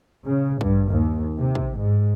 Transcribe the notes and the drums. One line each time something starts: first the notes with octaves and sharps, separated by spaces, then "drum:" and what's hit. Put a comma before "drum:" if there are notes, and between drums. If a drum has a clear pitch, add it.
C#3
G2, drum: kick
D#2
C3
drum: kick
G#2